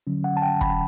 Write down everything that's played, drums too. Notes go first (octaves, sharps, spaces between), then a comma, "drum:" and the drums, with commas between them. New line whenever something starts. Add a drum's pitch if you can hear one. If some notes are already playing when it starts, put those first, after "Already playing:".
D3 F#3 C#4
F#5
A5
G5
B5, drum: kick